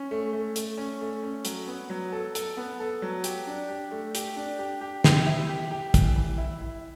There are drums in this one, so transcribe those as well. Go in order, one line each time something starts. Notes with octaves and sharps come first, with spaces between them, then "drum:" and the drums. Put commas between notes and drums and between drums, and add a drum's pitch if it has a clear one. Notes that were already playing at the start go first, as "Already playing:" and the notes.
Already playing: C#4
A3
A3
A3, drum: hi-hat
C#4
A3
C#4
F#3, drum: hi-hat
B3
F#3
A4
A4, drum: hi-hat
B3
A4
F#3
G4, drum: hi-hat
D4
G4
A3
G4, drum: hi-hat
D4
G4
G4
G4, drum: snare
E4
G4
G4
E3, drum: kick, hi-hat
E3
E4
E4